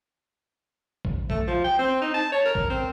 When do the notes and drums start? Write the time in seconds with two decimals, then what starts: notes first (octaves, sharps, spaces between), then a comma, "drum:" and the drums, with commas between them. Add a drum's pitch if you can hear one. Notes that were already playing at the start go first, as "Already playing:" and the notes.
1.05 drum: kick A#1
1.30 A3, drum: kick A#1
1.47 F3
1.64 G5
1.79 C4
2.02 D#4
2.14 A5
2.32 C#5
2.46 A#4
2.55 drum: kick A#1
2.70 C4